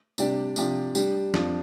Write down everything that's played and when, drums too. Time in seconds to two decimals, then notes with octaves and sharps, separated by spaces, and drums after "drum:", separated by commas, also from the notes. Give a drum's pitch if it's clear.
0.18 C3 G3 D4 G4 D5, drum: tambourine
0.56 C3 F3 D4 G4, drum: tambourine
0.95 G3 D4 G4, drum: tambourine
1.34 F2 F3 D4, drum: snare